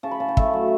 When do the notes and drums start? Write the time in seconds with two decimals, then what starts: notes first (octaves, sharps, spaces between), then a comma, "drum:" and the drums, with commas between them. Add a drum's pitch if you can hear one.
0.03 C#3 A5
0.11 B5
0.20 C#3 A5
0.28 G5
0.37 A3 E5, drum: kick
0.53 F#3